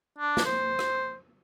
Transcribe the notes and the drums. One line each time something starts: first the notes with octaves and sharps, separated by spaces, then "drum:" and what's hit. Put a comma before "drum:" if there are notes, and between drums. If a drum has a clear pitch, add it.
D4
drum: snare
C5
drum: rim click